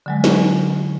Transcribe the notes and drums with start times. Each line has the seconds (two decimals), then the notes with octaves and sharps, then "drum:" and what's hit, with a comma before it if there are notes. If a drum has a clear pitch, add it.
0.06 D3 F#3 G#3
0.24 drum: snare